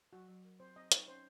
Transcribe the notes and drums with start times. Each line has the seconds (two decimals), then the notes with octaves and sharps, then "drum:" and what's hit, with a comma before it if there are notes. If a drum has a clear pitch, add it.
0.13 F#3 F#4
0.29 F#3
0.44 A#4
0.60 C4 C5
0.76 C4 D#5
0.92 D#4 C#5, drum: hi-hat
1.08 C#4 C5